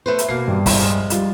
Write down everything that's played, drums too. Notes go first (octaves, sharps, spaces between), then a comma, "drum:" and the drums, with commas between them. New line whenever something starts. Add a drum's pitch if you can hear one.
A3 B4 C5
drum: hi-hat
B2 A#3 C7
G2
E4 F4 A#4, drum: kick, open hi-hat
F3 G#3
G3 F4, drum: hi-hat